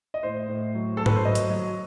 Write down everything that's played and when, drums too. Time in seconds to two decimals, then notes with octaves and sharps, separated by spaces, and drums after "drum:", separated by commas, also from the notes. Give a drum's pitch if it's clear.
0.14 D#5
0.23 A2 C5
0.48 A2
0.75 F#3
0.97 F#3 A4
1.06 B4, drum: tom G#2
1.16 C5
1.25 F#3 D#5
1.35 drum: hi-hat
1.50 F#3